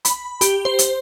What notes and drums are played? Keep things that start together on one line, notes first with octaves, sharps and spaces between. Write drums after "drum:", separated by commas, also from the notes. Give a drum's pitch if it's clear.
B5, drum: hi-hat
G4, drum: hi-hat
C5
drum: hi-hat